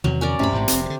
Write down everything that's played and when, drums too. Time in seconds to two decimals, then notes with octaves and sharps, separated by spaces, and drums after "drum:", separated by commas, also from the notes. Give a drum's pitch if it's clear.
0.04 E2 C3 D#3 F#3
0.21 C#4 A#4 D5
0.39 F#2 A2 C3 C#4 B5
0.52 A1 G#2
0.68 F1 C4, drum: hi-hat
0.86 B2 D3